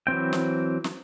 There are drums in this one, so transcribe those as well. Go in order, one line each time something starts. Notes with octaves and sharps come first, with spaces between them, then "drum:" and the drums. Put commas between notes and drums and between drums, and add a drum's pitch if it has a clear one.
E3 F#3 C4 G5
drum: snare
drum: snare